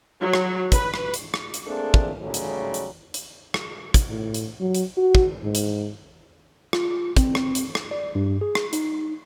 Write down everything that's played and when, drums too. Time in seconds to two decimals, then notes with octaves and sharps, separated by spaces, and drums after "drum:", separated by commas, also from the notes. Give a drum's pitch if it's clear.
0.21 F#3
0.34 drum: rim click
0.72 B4, drum: kick, hi-hat
0.94 drum: rim click
1.14 drum: hi-hat
1.34 drum: rim click
1.54 drum: hi-hat
1.66 A3 A#3 C4 D4 G#4 A4
1.94 drum: kick
2.21 G#2 C#3 F#3 G3 A3
2.34 drum: hi-hat
2.74 drum: hi-hat
3.14 drum: hi-hat
3.54 drum: rim click
3.94 drum: kick, hi-hat
4.09 A2
4.34 drum: hi-hat
4.60 F#3
4.75 drum: hi-hat
4.97 F#4
5.15 drum: kick
5.43 G#2
5.55 drum: hi-hat
6.73 F4, drum: rim click
7.17 C4, drum: kick, hi-hat
7.35 drum: rim click
7.55 drum: hi-hat
7.75 drum: rim click
7.91 D5
8.15 G2
8.41 G#4
8.55 drum: rim click
8.73 D#4, drum: hi-hat